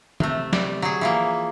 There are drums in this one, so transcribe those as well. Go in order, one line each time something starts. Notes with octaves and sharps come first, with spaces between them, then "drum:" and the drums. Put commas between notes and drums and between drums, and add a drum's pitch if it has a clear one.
C3 A3, drum: tom D#3
G3, drum: snare
F#3 G#4
E3 F3 A#3